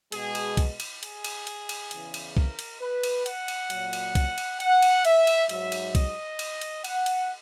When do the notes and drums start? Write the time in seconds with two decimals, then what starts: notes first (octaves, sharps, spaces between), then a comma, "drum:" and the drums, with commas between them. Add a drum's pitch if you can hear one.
0.12 B2 G#3 G#4, drum: cymbal
0.35 drum: cymbal
0.57 drum: kick, cymbal
0.80 drum: cymbal
1.03 G#4, drum: cymbal
1.24 drum: cymbal
1.47 drum: cymbal
1.69 drum: cymbal
1.91 E2 C#3 E3, drum: cymbal
2.14 drum: cymbal
2.37 A#4, drum: kick
2.59 drum: cymbal
2.81 B4
3.03 drum: cymbal
3.26 F#5, drum: cymbal
3.48 drum: cymbal
3.70 A#2 F#3, drum: cymbal
3.93 drum: cymbal
4.15 drum: kick, cymbal
4.38 drum: cymbal
4.60 F#5, drum: cymbal
4.82 drum: cymbal
5.05 E5, drum: cymbal
5.27 drum: cymbal
5.49 G#2 F#3 E5, drum: cymbal
5.72 drum: cymbal
5.95 D#5, drum: kick, cymbal
6.39 drum: cymbal
6.61 drum: cymbal
6.84 F#5, drum: cymbal
7.06 drum: cymbal